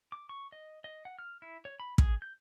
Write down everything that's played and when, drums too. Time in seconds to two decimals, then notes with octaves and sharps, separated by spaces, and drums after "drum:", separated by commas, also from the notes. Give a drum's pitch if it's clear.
0.12 D6
0.29 C#6
0.52 D#5
0.84 D#5
1.05 F#5
1.19 F6
1.42 E4
1.65 C#5
1.80 B5
1.98 G#4, drum: kick
2.22 G6